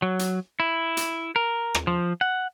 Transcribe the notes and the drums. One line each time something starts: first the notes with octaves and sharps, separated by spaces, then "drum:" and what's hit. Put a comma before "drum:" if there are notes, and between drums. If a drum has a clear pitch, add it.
F#3
drum: hi-hat
E4
drum: hi-hat
A#4
drum: rim click
F3
F#5